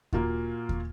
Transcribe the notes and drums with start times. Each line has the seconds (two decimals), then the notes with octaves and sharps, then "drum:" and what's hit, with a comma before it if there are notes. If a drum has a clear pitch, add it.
0.13 A#2 A#3 F4 F#4, drum: kick D#2
0.69 drum: kick D#2